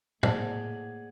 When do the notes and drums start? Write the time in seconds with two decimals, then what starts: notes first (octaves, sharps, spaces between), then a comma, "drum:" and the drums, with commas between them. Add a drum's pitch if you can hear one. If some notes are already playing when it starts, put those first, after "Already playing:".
0.23 A2 A#3 G#4 C5 D5 F#5 A5 E6, drum: tom A2